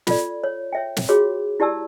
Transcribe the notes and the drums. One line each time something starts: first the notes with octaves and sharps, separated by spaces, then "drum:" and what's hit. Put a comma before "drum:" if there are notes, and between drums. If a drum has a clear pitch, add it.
F4 A4 D5, drum: snare
C#5
C#5 E5 G5
drum: snare
F4 F#4 G#4 C#5 D6
E4 G4 D5 A5 E6